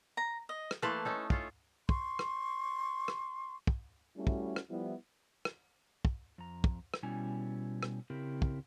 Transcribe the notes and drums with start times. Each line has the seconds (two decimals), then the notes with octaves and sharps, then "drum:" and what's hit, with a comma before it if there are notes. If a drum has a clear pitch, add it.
0.17 A#5
0.49 D#5
0.71 drum: rim click
0.82 E3 A3 A#3 B4 A5 C6
1.05 C#4 D#4 A4
1.30 C#4 F4 A4, drum: kick
1.89 C6 C#6, drum: kick
2.19 drum: rim click
3.08 drum: rim click
3.67 drum: kick
4.17 G3 A3 C#4 E4 F#4
4.27 drum: kick
4.56 drum: rim click
4.70 F3 G3 B3 E4
5.45 drum: rim click
6.05 drum: kick
6.38 F2 A#5
6.64 drum: kick
6.94 drum: rim click
7.03 B2 G3 C#4 E4 G#5
7.83 drum: rim click
8.10 C#3 C4 E4 G4 A#4
8.42 drum: kick